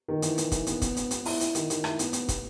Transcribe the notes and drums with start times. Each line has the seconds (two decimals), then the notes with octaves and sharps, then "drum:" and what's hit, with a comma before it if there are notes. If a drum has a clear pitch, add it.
0.08 D#3
0.22 E3, drum: hi-hat
0.38 E3, drum: hi-hat
0.52 E3, drum: kick, hi-hat
0.67 B3, drum: hi-hat
0.82 B3, drum: kick, hi-hat
0.97 B3, drum: hi-hat
1.11 B3, drum: hi-hat
1.25 E4, drum: open hi-hat
1.41 E4, drum: hi-hat
1.55 D#3, drum: hi-hat
1.70 D#3, drum: hi-hat
1.84 E4, drum: rim click
1.99 B3, drum: hi-hat
2.13 B3, drum: hi-hat
2.28 B3, drum: kick, hi-hat